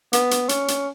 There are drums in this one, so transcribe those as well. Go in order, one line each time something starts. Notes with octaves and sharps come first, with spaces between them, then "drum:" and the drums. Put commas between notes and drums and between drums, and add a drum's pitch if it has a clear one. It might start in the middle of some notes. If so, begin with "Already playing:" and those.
B3, drum: hi-hat
drum: hi-hat
C#4, drum: hi-hat
drum: hi-hat